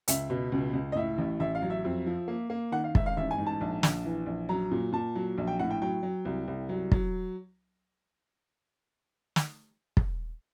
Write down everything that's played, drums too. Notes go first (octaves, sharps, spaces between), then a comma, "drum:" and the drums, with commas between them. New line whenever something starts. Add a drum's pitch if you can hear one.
C#2 E5, drum: hi-hat
B2
C#2
C#2
D#5
A2 E5
A1
A1 E5
F5
F#3
E5
F2
F3
A#3
A#3
D#3 F#5
F5
G#2 E5, drum: kick
F5
A1 E5
G#5
G#2
A5
A#1
A#1, drum: snare
E3
A#1
F#3 A#5
A#2
A#2 A5
F#3
A#1
G5
A2 F#5
G5
F#3 G5
F#3
C2
C2
F#3
F#3, drum: kick
drum: snare
drum: kick